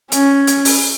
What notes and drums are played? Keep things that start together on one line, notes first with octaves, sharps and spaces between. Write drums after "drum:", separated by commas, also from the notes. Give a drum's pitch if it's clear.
C#4, drum: hi-hat
drum: hi-hat
drum: open hi-hat